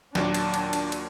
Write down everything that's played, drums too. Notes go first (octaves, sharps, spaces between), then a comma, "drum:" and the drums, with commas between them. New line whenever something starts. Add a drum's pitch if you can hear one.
D#2 A#2 F#3 D4, drum: snare
drum: cymbal
drum: cymbal
drum: cymbal
drum: cymbal